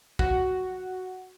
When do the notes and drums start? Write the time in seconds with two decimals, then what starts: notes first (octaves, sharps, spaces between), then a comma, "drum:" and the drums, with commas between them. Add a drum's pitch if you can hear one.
0.19 F#4, drum: kick